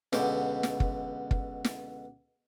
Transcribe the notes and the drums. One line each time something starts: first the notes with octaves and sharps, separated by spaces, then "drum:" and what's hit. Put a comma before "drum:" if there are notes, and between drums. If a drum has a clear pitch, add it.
C#2 B2 D3 G4, drum: snare
drum: snare
drum: kick
drum: kick
drum: snare